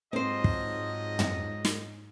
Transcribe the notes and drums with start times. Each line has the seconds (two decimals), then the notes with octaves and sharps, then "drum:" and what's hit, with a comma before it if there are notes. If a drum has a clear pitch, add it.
0.13 G#2 F3 F#3 C4 C5 D#5
0.44 drum: kick
1.19 drum: tom
1.65 drum: snare